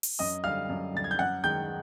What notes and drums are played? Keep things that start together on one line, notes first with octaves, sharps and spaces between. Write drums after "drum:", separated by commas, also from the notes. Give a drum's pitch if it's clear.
drum: open hi-hat
F#2 D#5 D#6
D3 G3 F5 F6
F#2
D3 G3 A6
G#6
G6
F#2 F#5 F#6
D#3 G#3 G5 G6